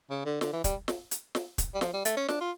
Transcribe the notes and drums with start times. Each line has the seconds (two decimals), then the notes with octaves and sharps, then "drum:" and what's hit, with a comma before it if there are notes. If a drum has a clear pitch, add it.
0.10 C#3
0.25 D3
0.41 D3, drum: snare
0.53 E3
0.64 G3, drum: kick, hi-hat
0.88 drum: snare
1.11 drum: hi-hat
1.35 drum: snare
1.58 drum: kick, hi-hat
1.74 G3
1.81 F3, drum: snare
1.93 G3
2.05 A3, drum: hi-hat
2.17 C#4
2.28 D4, drum: snare
2.41 F4